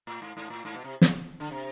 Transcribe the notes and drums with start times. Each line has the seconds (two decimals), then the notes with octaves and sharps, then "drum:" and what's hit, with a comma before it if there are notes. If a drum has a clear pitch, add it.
0.07 A2
0.22 G#2
0.37 G#2
0.50 A2
0.65 G#2
0.74 B2
0.84 C3
1.01 drum: snare
1.40 D3
1.51 C3